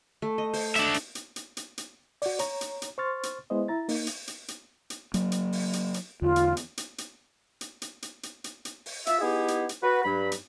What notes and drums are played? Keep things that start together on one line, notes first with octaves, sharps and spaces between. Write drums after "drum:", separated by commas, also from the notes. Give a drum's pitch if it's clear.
A3
D#5
C5, drum: open hi-hat
D4 E5, drum: hi-hat
drum: hi-hat
drum: hi-hat
drum: hi-hat
drum: hi-hat
drum: hi-hat
F#4 D5, drum: open hi-hat
C#5 A#5, drum: hi-hat
drum: hi-hat
drum: hi-hat
C5 C6 C#6 F6 A6
drum: hi-hat
G#3 B3 E4 C5 D#5
E4 A#5 A6
A#3 D#4, drum: open hi-hat
drum: hi-hat
drum: hi-hat
drum: hi-hat
drum: hi-hat
F#3 A#3, drum: hi-hat
drum: hi-hat
drum: open hi-hat
drum: hi-hat
drum: hi-hat
E2 D3 F4
drum: hi-hat
drum: hi-hat
drum: hi-hat
drum: hi-hat
drum: hi-hat
drum: hi-hat
drum: hi-hat
drum: hi-hat
drum: hi-hat
drum: hi-hat
drum: open hi-hat
F4 E5, drum: hi-hat
B3 D#4 E4 G4 G#4
drum: hi-hat
drum: hi-hat
F#4 B4
G2 F#3 B5
drum: hi-hat